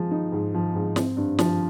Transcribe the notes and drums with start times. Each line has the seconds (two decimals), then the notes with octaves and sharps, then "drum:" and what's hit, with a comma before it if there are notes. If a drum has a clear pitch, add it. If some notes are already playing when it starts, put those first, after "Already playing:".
Already playing: F3 G#3
0.11 D#4
0.32 G#2
0.54 F3
0.75 G#2
0.96 C4, drum: snare
1.17 G2
1.39 F3, drum: snare